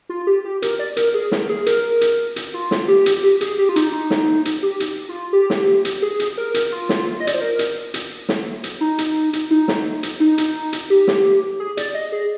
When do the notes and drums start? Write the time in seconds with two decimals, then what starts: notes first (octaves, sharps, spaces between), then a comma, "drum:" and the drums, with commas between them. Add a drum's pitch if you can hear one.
0.09 F4
0.27 G4
0.45 G4
0.62 A#4, drum: hi-hat
0.79 D5
0.97 A#4, drum: hi-hat
1.14 G#4
1.32 A#4, drum: snare
1.49 G#4
1.66 A#4, drum: hi-hat
2.01 drum: hi-hat
2.36 drum: hi-hat
2.54 F4
2.71 drum: snare
2.88 G4
3.06 drum: hi-hat
3.23 G4
3.41 G#4, drum: hi-hat
3.58 G4
3.69 F4
3.76 D#4, drum: hi-hat
3.93 D#4
4.10 drum: snare
4.45 drum: hi-hat
4.63 G4
4.80 drum: hi-hat
5.09 F4
5.33 G4
5.50 drum: snare
5.85 drum: hi-hat
6.02 G#4
6.20 drum: hi-hat
6.38 A#4
6.54 drum: hi-hat
6.72 F4
6.89 drum: snare
7.20 D#5
7.27 D5, drum: hi-hat
7.34 C5
7.41 A#4
7.59 drum: hi-hat
7.94 drum: hi-hat
8.29 drum: snare
8.64 drum: hi-hat
8.81 D#4
8.98 drum: hi-hat
9.33 drum: hi-hat
9.51 D#4
9.68 drum: snare
10.03 drum: hi-hat
10.20 D#4
10.38 drum: hi-hat
10.73 drum: hi-hat
10.90 G4
11.07 drum: snare
11.60 G#4
11.77 D5, drum: hi-hat
11.94 D#5
12.12 G#4